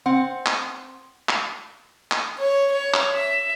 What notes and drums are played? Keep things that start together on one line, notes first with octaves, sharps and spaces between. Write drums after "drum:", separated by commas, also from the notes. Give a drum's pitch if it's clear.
C4 F#5
drum: clap
drum: clap
drum: clap
C#5
C#5
drum: clap
E5